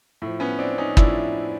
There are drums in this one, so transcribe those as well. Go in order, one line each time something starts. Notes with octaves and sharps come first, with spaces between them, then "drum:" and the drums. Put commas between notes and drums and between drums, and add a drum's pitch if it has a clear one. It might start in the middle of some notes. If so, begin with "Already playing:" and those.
A2 F3
B3 C#4
C4 D4
C#4 D#4
A2 F3 D4 E4, drum: kick